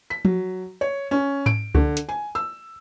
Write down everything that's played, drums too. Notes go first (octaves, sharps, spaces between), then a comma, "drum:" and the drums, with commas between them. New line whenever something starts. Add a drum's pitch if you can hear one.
B6
F#3, drum: tom F3
C#5
C#4
D7, drum: tom G#2
D3, drum: kick C#2
drum: hi-hat
G#5
E6